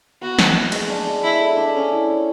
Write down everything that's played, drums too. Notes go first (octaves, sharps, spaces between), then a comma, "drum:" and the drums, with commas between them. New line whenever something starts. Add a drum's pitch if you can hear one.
B3 F#4
E5, drum: snare
B4
G#3, drum: cymbal
D4
G#3
G#3 E4
A4
D4
C#4 A4
E4
C#5